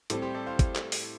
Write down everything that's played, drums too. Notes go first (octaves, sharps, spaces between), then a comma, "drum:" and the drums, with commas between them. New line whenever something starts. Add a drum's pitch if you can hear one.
A2 G3 C4 A4 D5, drum: hi-hat
G4 C5
A4 D5
C5 F5
drum: kick, hi-hat
drum: clap
drum: open hi-hat